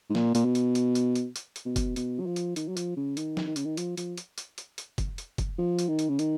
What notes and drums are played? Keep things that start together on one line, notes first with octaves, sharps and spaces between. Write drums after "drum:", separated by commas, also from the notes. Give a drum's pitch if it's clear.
G#2
A#2, drum: snare
A#2, drum: hi-hat
B2
drum: hi-hat
drum: hi-hat
drum: hi-hat
drum: hi-hat
drum: hi-hat
drum: hi-hat
B2
drum: kick, hi-hat
B2, drum: hi-hat
F#3
F3
drum: hi-hat
D#3, drum: hi-hat
F#3
F3, drum: hi-hat
C#3
D#3, drum: hi-hat
drum: snare
D#3
C#3, drum: hi-hat
D#3
F3, drum: hi-hat
F3, drum: hi-hat
drum: hi-hat
drum: hi-hat
drum: hi-hat
drum: hi-hat
drum: kick, hi-hat
drum: hi-hat
drum: kick, hi-hat
F3
drum: hi-hat
D#3
drum: hi-hat
C#3
D#3, drum: hi-hat